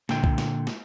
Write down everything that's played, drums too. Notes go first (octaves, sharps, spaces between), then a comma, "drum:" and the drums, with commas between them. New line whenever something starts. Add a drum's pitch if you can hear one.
A#2 D3 G5, drum: snare
drum: kick C2
drum: snare
drum: snare